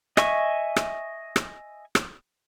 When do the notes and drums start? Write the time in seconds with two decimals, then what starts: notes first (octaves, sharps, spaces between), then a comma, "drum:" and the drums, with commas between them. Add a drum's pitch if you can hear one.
0.17 D#5 E5 G#5 C#6, drum: rim click
0.76 drum: rim click
1.36 drum: rim click
1.95 drum: rim click